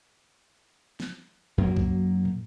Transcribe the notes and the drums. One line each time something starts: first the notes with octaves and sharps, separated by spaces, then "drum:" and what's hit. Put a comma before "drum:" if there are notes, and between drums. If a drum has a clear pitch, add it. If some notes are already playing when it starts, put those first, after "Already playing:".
drum: snare
F#2 F#3 A#3
drum: kick
drum: tom